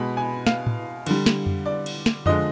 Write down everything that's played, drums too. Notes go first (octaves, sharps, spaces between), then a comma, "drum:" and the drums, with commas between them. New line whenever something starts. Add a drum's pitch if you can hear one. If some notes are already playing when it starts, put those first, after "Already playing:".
Already playing: B2 G#3 B5
G#5
F5, drum: snare
drum: tom A2
D3 G3, drum: cymbal
drum: snare
drum: tom F2
D5
drum: cymbal
drum: snare
D3 F3 G#3 D#5, drum: tom F2